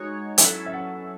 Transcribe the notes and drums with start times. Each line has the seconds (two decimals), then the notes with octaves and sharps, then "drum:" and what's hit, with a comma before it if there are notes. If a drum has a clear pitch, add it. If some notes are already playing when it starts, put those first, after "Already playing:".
Already playing: G#3 D#4 F#4 C#5
0.38 F#3 C#4 E4 A4 E5, drum: hi-hat
0.66 E5
0.73 F#5